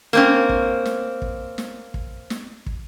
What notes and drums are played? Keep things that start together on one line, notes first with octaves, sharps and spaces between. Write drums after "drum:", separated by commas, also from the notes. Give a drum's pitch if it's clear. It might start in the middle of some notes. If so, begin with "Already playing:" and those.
A#3 C4 C#4, drum: snare
drum: kick
drum: snare
drum: kick
drum: snare
drum: kick
drum: snare
drum: kick